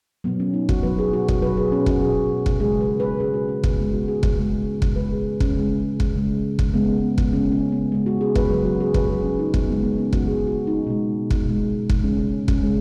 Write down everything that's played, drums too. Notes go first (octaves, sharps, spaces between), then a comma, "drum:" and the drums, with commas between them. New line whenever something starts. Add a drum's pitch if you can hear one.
B2 F#3 B3
C#4
D#4
F#4, drum: kick
B2 F#3 B4
G#4
F#4
F#4, drum: kick
B2 F#3 B4
G#4
C#4
F#4, drum: kick
B2 F#3 G#4
drum: kick
C#3 G#3 G#4
B4
B4
C#3 G#3 G#4
F#4
C#4
B3, drum: kick
C#3 G#3 C#4
F#4
G#4
drum: kick
C#3 G#3
drum: kick
C#3 G#3 B4
G#4
C#4, drum: kick
C#3 G#3
drum: kick
C#3 G#3
drum: kick
C#3 G#3 B3
drum: kick
C#3 G#3 C#4
C#4
B3
C#3 G#3
F#4
G#4
B4, drum: kick
C#3 F#3 G#4
F#4
G#4
B4, drum: kick
C#3 F#3 G#4
C#4
D#4
B3, drum: kick
C#3 G#3 B3
B3
C#4
F#4, drum: kick
C#3 G#3 G#4
F#4
D#4
B2 G#3
drum: kick
B2 G#3
drum: kick
C#3 G#3 C#4
C#4
C#4, drum: kick
C#3 G#3